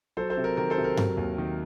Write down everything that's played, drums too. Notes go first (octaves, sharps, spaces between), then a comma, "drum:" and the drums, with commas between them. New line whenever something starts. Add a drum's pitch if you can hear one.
F#3 A4 C5
A4 C5
C3
A#4
D#3 A#4
A4 C5
C3
A#4
F#3, drum: tom G2
D#2
D#3